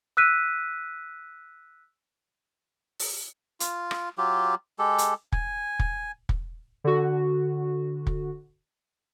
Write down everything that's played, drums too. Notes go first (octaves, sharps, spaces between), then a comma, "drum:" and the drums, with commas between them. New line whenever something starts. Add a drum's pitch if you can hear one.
E6 F#6 B6 D#7
drum: open hi-hat
F4, drum: hi-hat
drum: rim click
F#3 F4 G4
G#3 G4 A4
drum: hi-hat
G#5, drum: kick
drum: kick
drum: kick
D3 F#4
drum: kick